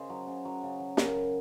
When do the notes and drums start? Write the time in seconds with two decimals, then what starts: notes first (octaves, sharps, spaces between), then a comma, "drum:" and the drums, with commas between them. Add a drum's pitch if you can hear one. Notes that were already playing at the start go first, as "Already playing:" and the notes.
Already playing: C#3 C5 D#5
0.10 F#3
0.27 C#3
0.45 F#3
0.63 C#3
0.80 F#3
0.97 C#3 A#4, drum: snare
1.15 F#3